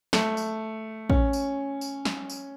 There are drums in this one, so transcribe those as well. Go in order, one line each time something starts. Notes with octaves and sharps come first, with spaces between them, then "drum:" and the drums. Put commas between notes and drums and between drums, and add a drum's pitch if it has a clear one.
A3, drum: snare
drum: tambourine
C#4, drum: kick
drum: tambourine
drum: tambourine
drum: snare
drum: tambourine